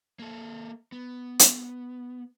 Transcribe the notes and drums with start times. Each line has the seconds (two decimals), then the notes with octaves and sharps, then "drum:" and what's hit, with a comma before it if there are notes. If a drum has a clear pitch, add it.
0.19 A#3 A4
0.92 B3
1.39 drum: hi-hat